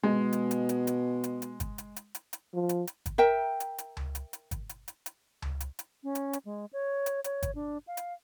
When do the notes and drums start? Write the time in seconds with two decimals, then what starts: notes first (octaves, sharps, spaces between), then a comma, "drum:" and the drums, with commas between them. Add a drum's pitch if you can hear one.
0.03 B2 G#3
0.33 drum: hi-hat
0.51 drum: hi-hat
0.69 drum: hi-hat
0.87 drum: hi-hat
1.24 drum: hi-hat
1.42 drum: hi-hat
1.60 drum: kick, hi-hat
1.78 drum: hi-hat
1.96 drum: hi-hat
2.15 drum: hi-hat
2.33 drum: hi-hat
2.54 F3
2.69 drum: hi-hat
2.87 drum: hi-hat
3.06 drum: kick, hi-hat
3.18 A#4 E5 G5
3.60 drum: hi-hat
3.78 drum: hi-hat
3.97 drum: tom C#2
4.15 drum: hi-hat
4.33 drum: hi-hat
4.51 drum: kick, hi-hat
4.69 drum: hi-hat
4.88 drum: hi-hat
5.06 drum: hi-hat
5.42 drum: tom C#2
5.60 drum: hi-hat
5.79 drum: hi-hat
6.04 C#4
6.15 drum: hi-hat
6.33 drum: hi-hat
6.45 G#3
6.73 C#5
7.06 drum: hi-hat
7.24 C#5, drum: hi-hat
7.43 drum: kick, hi-hat
7.55 D4
7.87 F5
7.97 drum: hi-hat